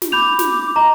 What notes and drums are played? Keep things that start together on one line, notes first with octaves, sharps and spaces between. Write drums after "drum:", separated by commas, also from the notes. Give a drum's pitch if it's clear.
drum: snare
B5 D6 G6 F7
drum: snare
D#5 A#5